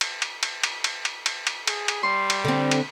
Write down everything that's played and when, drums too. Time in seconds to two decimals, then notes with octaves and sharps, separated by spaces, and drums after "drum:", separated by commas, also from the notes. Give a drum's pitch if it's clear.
0.01 drum: cymbal
0.22 drum: cymbal
0.43 drum: cymbal
0.63 drum: cymbal
0.84 drum: cymbal
1.05 drum: cymbal
1.26 drum: cymbal
1.47 drum: cymbal
1.67 G#4, drum: cymbal
1.88 drum: cymbal
2.03 G3 C6
2.30 drum: cymbal
2.45 D3 C4
2.71 drum: cymbal